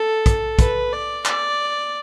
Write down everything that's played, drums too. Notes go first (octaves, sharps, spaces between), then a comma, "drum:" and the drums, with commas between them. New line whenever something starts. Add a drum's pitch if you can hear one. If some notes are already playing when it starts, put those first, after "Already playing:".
Already playing: A4
drum: kick, hi-hat
B4, drum: kick, hi-hat
D5
D5, drum: clap